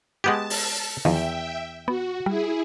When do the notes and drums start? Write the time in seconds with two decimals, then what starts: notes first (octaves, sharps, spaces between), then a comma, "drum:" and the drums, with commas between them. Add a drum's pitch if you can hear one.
0.24 G#3 B3 G4 F#5 A5 G6 G#6
0.50 drum: open hi-hat
1.05 E2 D#3 F3 E5 G5
1.88 B3 F#4
2.26 G3 E4 G#4